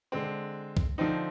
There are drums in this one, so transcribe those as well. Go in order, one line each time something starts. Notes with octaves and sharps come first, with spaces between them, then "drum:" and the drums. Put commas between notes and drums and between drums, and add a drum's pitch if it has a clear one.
D3 G#3 C4
drum: kick C2
D3 F3 C4 D#4